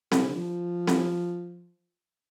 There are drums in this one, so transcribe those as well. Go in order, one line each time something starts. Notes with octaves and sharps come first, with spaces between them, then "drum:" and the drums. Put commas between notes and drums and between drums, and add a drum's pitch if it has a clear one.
C3, drum: snare C4
D3
F3
drum: snare C4